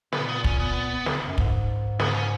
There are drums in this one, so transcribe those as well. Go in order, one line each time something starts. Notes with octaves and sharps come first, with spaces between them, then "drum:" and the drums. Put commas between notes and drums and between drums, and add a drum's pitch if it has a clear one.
A#2 B3, drum: snare
B3
C#4, drum: kick
B3
drum: snare
F#2
G#2, drum: kick
B3, drum: snare
C#4